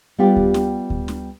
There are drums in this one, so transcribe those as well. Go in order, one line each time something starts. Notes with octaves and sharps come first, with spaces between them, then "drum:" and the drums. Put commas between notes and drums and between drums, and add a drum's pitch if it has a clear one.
G3 B3 F4 G4
drum: kick D2
drum: snare
drum: kick D2
drum: snare